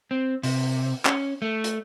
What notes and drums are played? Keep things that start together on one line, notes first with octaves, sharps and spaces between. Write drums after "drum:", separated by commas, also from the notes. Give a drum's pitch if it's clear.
C4
C3, drum: open hi-hat
C#4, drum: clap
A3
drum: hi-hat